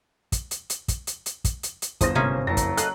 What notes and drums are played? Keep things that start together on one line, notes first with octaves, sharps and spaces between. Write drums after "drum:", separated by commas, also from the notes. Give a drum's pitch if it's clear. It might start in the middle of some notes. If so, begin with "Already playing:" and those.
drum: kick, hi-hat
drum: hi-hat
drum: hi-hat
drum: kick, hi-hat
drum: hi-hat
drum: hi-hat
drum: kick, hi-hat
drum: hi-hat
drum: hi-hat
G1 E2 C5 D#6 A#6, drum: kick, hi-hat
G#1 C3 A#3 C4 C#4 G#4
F#1 F2 F#3 A5 A#6
drum: kick, hi-hat
A4 D#5 F5 F#6, drum: hi-hat